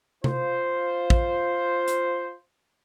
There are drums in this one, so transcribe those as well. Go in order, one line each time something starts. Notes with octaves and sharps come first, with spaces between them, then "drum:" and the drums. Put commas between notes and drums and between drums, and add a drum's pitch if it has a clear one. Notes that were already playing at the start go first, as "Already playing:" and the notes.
F4 C5, drum: tom C3
drum: kick
drum: hi-hat